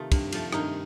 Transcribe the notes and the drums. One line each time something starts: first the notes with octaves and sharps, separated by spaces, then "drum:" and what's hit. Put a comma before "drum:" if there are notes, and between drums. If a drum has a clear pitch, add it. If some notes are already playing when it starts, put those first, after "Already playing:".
Already playing: C3 D#3 A3 D#4 F4
G2, drum: kick, cymbal
F3 A3, drum: cymbal
G2 D#3 D#4, drum: rim click